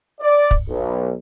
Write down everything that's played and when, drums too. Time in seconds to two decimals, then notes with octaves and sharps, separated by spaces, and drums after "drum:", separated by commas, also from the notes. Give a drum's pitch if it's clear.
0.21 D5
0.51 drum: kick
0.69 B1